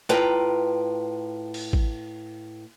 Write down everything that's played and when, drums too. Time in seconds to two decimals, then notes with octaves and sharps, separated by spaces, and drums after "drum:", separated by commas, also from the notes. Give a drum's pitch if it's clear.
0.09 A2 F4 B4 G5 A#5, drum: snare
1.54 drum: cymbal
1.73 drum: kick A1